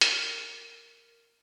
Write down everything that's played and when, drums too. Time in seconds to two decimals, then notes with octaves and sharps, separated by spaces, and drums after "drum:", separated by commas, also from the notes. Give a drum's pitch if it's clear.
0.01 A#4, drum: hi-hat